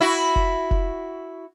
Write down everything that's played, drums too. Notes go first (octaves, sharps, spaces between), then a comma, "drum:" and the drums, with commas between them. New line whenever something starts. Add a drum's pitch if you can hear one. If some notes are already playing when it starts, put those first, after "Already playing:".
E4 F#4
drum: kick F1
drum: kick F1